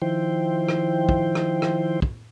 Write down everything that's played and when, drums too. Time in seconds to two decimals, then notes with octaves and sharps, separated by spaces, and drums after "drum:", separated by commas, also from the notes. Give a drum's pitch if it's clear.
0.02 D#3 F3 E4 C5 G5
0.69 drum: rim click
1.09 drum: kick
1.35 drum: rim click
1.62 drum: rim click
2.02 drum: kick